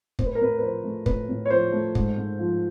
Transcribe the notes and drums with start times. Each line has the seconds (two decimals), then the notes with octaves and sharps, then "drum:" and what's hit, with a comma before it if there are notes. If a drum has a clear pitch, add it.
0.19 A2 C5, drum: kick
0.26 B4
0.35 A#4
0.41 A2 B4
0.59 B4
0.62 F3 C5
0.84 A3
1.06 A2 B4, drum: kick
1.29 A2
1.46 C#5
1.50 F3 C5
1.72 A3
1.95 G#2, drum: kick
2.17 G#2
2.39 F3